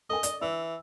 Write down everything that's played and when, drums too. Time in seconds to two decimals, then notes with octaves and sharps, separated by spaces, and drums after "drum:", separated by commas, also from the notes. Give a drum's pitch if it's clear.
0.09 A4 A#4 D#5 G#5
0.23 D5, drum: hi-hat
0.41 E3 E6